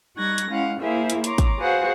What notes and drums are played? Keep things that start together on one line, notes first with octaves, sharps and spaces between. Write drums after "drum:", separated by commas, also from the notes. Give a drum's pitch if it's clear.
G3 D#4 C#6 F#6 G#6 A#6
drum: hi-hat
G#3 C#4 E4 F5 F#5
A#3 E4 G#4 C5 E5 F5
drum: hi-hat
C#5 A#5 C6 D6, drum: hi-hat
drum: kick, hi-hat
F#4 G#4 B4 C5 F5 F#5